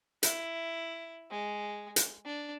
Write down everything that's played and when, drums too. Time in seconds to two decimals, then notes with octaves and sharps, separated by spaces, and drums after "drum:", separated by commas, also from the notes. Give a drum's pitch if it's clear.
0.23 E4, drum: hi-hat
1.31 G#3
1.96 drum: hi-hat
2.25 D4